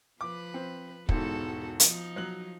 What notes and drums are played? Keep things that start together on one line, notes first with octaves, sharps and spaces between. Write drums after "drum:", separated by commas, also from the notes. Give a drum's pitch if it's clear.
F3 B4 D6
C4
E1 G#2 B3 F#4 A4, drum: kick
F3 D#4, drum: hi-hat
F#3 F#6 F#7